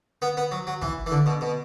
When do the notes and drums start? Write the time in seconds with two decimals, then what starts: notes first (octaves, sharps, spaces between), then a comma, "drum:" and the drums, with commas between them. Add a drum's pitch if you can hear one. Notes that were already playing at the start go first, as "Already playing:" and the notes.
0.22 B3
0.37 B3
0.51 F#3
0.67 F#3
0.82 E3, drum: kick
1.06 E3
1.11 D3
1.26 B2
1.41 B2